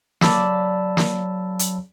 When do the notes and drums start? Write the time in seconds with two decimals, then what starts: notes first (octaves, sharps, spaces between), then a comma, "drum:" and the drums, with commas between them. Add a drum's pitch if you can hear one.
0.21 C#3 F#3 A#3 D5 A5 B5 E6, drum: snare
0.97 drum: snare
1.59 drum: hi-hat